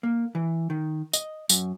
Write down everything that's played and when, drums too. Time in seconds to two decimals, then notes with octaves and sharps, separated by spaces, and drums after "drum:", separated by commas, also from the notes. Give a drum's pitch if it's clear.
0.03 A#3
0.35 E3
0.70 D#3
1.13 D#5, drum: tambourine
1.49 F#2, drum: tambourine